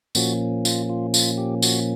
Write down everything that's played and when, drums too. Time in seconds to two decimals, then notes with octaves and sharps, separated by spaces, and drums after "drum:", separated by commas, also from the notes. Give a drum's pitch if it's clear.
0.15 A#2 F3 A#3 C#4 F#4, drum: tambourine
0.65 F4, drum: tambourine
0.89 F4
1.14 F4, drum: tambourine
1.38 G4
1.62 F#4, drum: tambourine